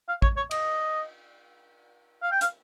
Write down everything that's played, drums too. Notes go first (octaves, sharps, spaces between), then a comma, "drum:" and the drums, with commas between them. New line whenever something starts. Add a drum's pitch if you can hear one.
F5
C#5, drum: kick
C#5
D#5, drum: cymbal
F5
G5
F5, drum: hi-hat